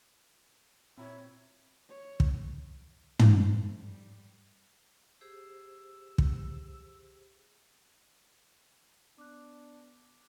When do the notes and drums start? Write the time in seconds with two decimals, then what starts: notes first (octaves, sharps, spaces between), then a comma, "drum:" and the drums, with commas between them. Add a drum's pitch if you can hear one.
0.98 A#2 C4 E4 F#4 C#5 A#5
1.89 C#5
2.20 drum: kick
3.19 drum: tom
3.44 F2
3.79 G3
5.21 G4 G#4 C5 E6
6.18 drum: kick
9.18 B3 D4 D6 F#6